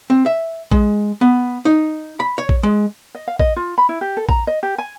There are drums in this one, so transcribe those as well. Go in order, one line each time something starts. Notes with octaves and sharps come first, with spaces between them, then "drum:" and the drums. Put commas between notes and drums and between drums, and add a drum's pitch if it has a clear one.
C4
E5
G#3, drum: kick A#1
B3
D#4
B5
C#5
drum: kick A#1
G#3
D#5
F5
D#5, drum: kick A#1
F4
B5
E4
G4
A4
A#5, drum: kick A#1
D#5
G4
G#5